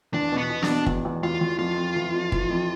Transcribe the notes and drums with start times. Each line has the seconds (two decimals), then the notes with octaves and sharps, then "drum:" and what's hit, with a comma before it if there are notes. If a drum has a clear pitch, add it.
0.14 E2 D4
0.32 B2
0.38 B3
0.50 B2
0.63 D4, drum: snare
0.68 B3
0.86 E2, drum: kick
1.05 E2
1.23 E2 F4
1.41 E2
1.59 F2 F4
1.78 F2
1.96 E3
2.14 F2
2.32 E3, drum: kick
2.50 F2